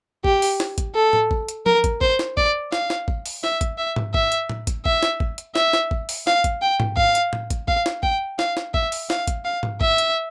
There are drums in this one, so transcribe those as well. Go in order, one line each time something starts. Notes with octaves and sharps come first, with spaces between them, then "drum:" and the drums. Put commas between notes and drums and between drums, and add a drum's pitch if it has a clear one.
G4, drum: kick
drum: open hi-hat
drum: snare
drum: kick, hi-hat
A4
drum: tom A2
drum: kick
drum: hi-hat
A#4, drum: tom
drum: kick, hi-hat
C5, drum: kick
drum: snare
D5, drum: kick
F5, drum: snare
drum: snare
drum: kick
drum: open hi-hat
E5, drum: snare
drum: kick, hi-hat
E5
drum: tom G#2
E5, drum: kick
drum: hi-hat
drum: tom A2
drum: kick, hi-hat
E5, drum: kick
drum: snare
drum: kick
drum: hi-hat
E5, drum: snare
drum: snare
drum: kick
drum: open hi-hat
F5, drum: snare
drum: kick, hi-hat
G5
drum: tom G#2
F5, drum: kick
drum: hi-hat
drum: tom A2
drum: kick, hi-hat
F5, drum: kick
drum: snare
G5, drum: kick
F5, drum: snare
drum: snare
E5, drum: kick
drum: open hi-hat
F5, drum: snare
drum: kick, hi-hat
F5
drum: tom G#2
E5, drum: kick
drum: hi-hat